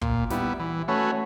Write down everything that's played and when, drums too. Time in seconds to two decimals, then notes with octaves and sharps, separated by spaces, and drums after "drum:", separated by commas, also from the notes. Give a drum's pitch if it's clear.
0.01 A#2, drum: kick
0.30 G3 B3 E4, drum: snare
0.59 E3
0.88 A3 C#4 F#4 B4